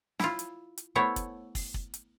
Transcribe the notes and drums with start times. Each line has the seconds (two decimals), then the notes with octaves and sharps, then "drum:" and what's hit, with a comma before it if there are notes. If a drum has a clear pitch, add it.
0.19 E4 F4, drum: snare
0.39 drum: hi-hat
0.78 drum: hi-hat
0.95 A3 B3 E4 C5 C#5
1.16 drum: kick, hi-hat
1.55 drum: kick, open hi-hat
1.74 drum: kick
1.94 drum: hi-hat